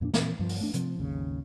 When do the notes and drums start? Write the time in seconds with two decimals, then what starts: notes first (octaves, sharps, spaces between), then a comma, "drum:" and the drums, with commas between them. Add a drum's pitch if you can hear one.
0.01 F2 A#2 C#4 D4
0.14 A#2 E3 C4, drum: snare
0.39 G2 F3
0.49 drum: open hi-hat
0.61 A3 D4
0.74 C3 F3 C4, drum: hi-hat
0.98 G#1 D#2 C#3